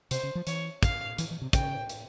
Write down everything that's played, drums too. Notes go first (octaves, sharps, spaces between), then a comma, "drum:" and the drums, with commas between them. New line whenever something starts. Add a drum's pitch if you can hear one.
C3 C5, drum: hi-hat
C#3
F3
E3 C#5, drum: hi-hat
F5, drum: kick, hi-hat
E3, drum: hi-hat
E3
C3
C#3 G5, drum: kick, hi-hat
drum: hi-hat